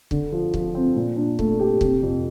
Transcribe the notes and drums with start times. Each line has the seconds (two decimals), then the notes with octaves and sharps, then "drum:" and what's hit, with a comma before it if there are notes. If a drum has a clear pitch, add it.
0.11 D3, drum: kick
0.32 F3
0.54 F3, drum: kick
0.74 C4
0.96 A#2
1.17 D4
1.39 A3, drum: kick
1.60 G4
1.81 C3, drum: kick
2.03 F2